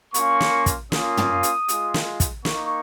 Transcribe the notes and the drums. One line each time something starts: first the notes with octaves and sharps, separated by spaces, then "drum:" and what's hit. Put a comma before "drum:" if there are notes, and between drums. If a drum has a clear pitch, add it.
A#3 C#4 F4 C#6, drum: hi-hat
drum: snare
drum: kick, hi-hat
A#3 C#4 F4 D#6, drum: snare
drum: tom
drum: hi-hat
G#3 F4, drum: hi-hat
drum: snare
drum: kick, hi-hat
A#3 D#4 C#6, drum: snare